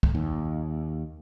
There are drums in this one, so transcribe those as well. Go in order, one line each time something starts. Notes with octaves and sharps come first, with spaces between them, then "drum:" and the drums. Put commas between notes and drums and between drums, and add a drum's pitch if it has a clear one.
drum: kick
D#2